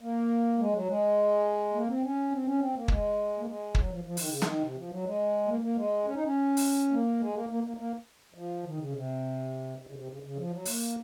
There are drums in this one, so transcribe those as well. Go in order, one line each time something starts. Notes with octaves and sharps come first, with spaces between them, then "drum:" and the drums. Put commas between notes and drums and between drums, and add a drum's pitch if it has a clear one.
A#3
G#3
F#3
G#3
A#3
C4
C#4
C4
C#4
C4
A#3
G#3, drum: kick
A#3
G#3
F#3, drum: kick
F3
F3
D#3, drum: open hi-hat
C#3
D#3, drum: snare
C3
F3
F#3
G#3
A#3
A#3
G#3
C#4
D#4
C#4
drum: open hi-hat
A#3
G#3
A#3
A#3
A#3
A#3
F3
D#3
C#3
C3
C3
C#3
C3
C#3
C#3
F3
F#3
A#3, drum: open hi-hat